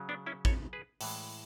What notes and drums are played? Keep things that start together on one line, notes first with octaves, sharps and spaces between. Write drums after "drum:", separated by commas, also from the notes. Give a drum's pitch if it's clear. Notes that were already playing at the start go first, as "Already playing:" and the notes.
Already playing: C#3 F#3
B3 D4
C#4 E4
A4 C#5, drum: kick A1
G#4 B4
A2 E3 G#3, drum: open hi-hat